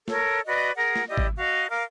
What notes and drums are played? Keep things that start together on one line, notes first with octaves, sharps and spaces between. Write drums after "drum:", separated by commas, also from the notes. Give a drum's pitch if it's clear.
A4 A#4 C#5, drum: snare
F#4 B4 D5 D#5
G#4 A#4 F#5
drum: snare
E4 G4 D5 D#5
drum: kick G#1
F#4 D#5 F5
A#4 F5 D6